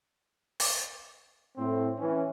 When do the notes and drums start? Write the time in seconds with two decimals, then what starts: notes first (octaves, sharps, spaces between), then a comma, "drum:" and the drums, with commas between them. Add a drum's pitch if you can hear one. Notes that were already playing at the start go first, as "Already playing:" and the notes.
0.60 drum: open hi-hat
1.57 A2 C4
1.99 E3 C#4